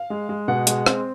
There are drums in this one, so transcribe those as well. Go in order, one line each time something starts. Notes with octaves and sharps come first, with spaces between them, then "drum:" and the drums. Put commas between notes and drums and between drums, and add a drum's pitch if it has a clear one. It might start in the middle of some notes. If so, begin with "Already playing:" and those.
Already playing: F5
G#3
G#3
B2 F#5
G#3, drum: hi-hat
C4, drum: rim click